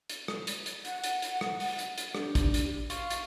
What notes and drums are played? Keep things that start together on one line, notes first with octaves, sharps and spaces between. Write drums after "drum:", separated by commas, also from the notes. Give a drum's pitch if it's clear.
drum: hi-hat
drum: rim click
drum: hi-hat
drum: hi-hat
F#5, drum: hi-hat
drum: hi-hat
drum: hi-hat
drum: rim click
drum: open hi-hat
drum: hi-hat
drum: hi-hat
D4 G4, drum: rim click
drum: kick, hi-hat
drum: hi-hat
F5 C6 C#6, drum: hi-hat
drum: hi-hat